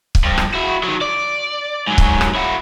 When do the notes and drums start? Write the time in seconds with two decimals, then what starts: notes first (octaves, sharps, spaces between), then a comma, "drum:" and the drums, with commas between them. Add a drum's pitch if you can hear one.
0.15 drum: kick C#1
0.24 G2 F3
0.38 drum: rim click
0.54 E4 F#4
0.83 D#3 F#3
1.01 D5
1.87 G#2 F#3
1.98 drum: kick C#1
2.21 drum: rim click
2.35 E4 F#4